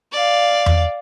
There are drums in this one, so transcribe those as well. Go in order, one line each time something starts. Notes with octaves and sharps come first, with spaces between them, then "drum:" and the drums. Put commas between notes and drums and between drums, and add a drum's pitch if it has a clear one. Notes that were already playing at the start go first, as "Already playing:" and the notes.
D5 F5
drum: tom E2